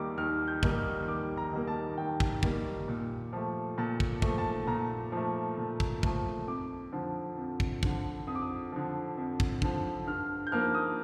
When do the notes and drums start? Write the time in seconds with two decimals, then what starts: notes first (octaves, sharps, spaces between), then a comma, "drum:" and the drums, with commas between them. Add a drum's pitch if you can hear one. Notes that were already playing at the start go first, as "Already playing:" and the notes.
Already playing: D#2 D#3 G3 A#3 D6
0.17 D#2 F6
0.48 G6
0.63 D#3 G3 A#3, drum: kick
0.78 F6
1.08 D#2 D6
1.37 A#5
1.53 D#3 G3 A#3
1.67 A5
1.98 D#2 G5
2.20 drum: kick
2.43 D#3 G3 A#3, drum: kick
2.88 A#2
3.33 F3 A3
3.78 A#2 A5
4.00 drum: kick
4.22 F3 A3, drum: kick
4.38 A5
4.67 A#2 A#5
5.12 F3 A3
5.58 A#2
5.80 drum: kick
6.03 F3 A3, drum: kick
6.48 F2 D6
6.92 D3 F3
7.37 F2
7.60 drum: kick
7.83 D3 F3, drum: kick
8.27 F2 D#6
8.35 D6
8.42 D#6
8.72 D3 F3
9.17 F2
9.40 drum: kick
9.62 D3 F3, drum: kick
10.07 G2 F6
10.47 G6
10.52 F3 A#3 F6
10.75 D#6